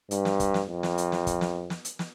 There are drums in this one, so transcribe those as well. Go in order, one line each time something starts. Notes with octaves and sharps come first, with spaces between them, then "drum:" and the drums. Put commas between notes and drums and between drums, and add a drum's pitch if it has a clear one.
G2, drum: hi-hat
drum: snare
drum: kick, hi-hat
drum: snare
F2
drum: snare
drum: hi-hat
drum: snare
drum: kick, hi-hat
drum: snare
drum: snare
drum: hi-hat
drum: snare